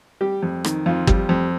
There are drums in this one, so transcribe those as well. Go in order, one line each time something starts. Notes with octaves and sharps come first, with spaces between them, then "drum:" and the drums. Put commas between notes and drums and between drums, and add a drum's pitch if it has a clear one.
G3 G4
F2
D#3, drum: rim click
F2 F4
G3, drum: kick
F2